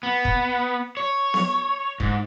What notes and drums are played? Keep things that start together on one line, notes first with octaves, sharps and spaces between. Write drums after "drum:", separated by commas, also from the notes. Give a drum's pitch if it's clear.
B3
drum: kick
C#5
drum: snare B3
G#2, drum: kick